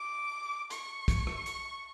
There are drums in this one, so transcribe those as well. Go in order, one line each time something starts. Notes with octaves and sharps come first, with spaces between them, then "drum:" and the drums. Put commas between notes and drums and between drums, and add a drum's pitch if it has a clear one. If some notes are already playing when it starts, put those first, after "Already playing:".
Already playing: D6
C#6, drum: hi-hat
drum: kick, hi-hat
drum: rim click
drum: hi-hat